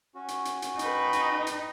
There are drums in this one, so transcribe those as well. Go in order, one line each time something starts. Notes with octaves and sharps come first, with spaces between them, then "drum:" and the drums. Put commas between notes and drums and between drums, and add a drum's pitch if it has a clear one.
C#4 F#4
drum: hi-hat
drum: hi-hat
drum: hi-hat
D#4 B4 G5, drum: hi-hat
drum: hi-hat
drum: hi-hat